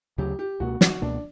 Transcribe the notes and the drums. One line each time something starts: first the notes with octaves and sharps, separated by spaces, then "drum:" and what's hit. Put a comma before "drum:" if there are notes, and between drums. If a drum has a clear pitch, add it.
D2 C#3 F#3 G4
G4
C#2 B2 A#3 F#4
F#4, drum: snare
C#2 B2 A#3 D4